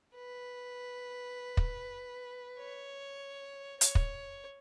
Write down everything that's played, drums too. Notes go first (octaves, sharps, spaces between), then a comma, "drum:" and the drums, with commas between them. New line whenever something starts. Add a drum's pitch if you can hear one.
B4
drum: kick
C#5
C#5, drum: hi-hat
drum: kick